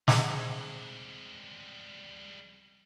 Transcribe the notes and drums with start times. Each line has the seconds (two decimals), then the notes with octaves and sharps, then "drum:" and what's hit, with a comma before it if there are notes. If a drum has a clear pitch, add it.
0.08 G3 G#3 C4 G#4, drum: snare